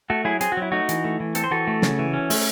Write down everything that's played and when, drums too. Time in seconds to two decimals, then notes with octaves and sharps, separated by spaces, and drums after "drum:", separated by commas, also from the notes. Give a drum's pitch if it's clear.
0.10 A3 F#4 A4
0.24 F#3 E4 G#4
0.41 C4 G#4, drum: hi-hat
0.52 F#4
0.57 F#3 E4
0.72 A3 D#4 F#4
0.89 E3, drum: hi-hat
1.04 A3
1.20 E3
1.35 C4 A4, drum: hi-hat
1.44 C5
1.51 E3 F#4 A4
1.67 A3
1.82 C#3, drum: snare
1.99 E3
2.14 C#4
2.30 A3, drum: open hi-hat